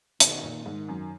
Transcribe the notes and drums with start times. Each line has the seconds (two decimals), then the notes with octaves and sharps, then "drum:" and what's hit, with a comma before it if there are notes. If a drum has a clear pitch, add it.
0.20 B2 D#3, drum: hi-hat
0.43 A#2
0.66 G#2 D#3
0.89 F#2